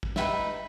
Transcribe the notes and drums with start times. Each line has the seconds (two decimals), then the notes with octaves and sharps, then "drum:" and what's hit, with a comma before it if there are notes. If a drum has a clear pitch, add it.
0.03 drum: kick
0.16 D#4 F#4 B4 E5, drum: snare